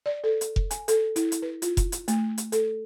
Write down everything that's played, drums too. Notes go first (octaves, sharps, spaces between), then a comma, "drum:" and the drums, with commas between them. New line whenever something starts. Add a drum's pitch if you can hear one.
D5
A4
drum: hi-hat
drum: kick F1
G#5, drum: hi-hat
A4, drum: hi-hat
E4, drum: hi-hat
drum: hi-hat
B4
F4, drum: hi-hat
drum: kick F1, hi-hat
drum: hi-hat
A3, drum: hi-hat
drum: hi-hat
A4, drum: hi-hat